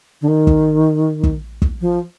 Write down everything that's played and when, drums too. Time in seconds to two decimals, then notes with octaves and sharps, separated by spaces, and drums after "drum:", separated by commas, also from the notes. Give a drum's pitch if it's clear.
0.21 D3
0.28 D#3
0.47 drum: kick
1.23 drum: kick
1.62 drum: kick
1.81 F3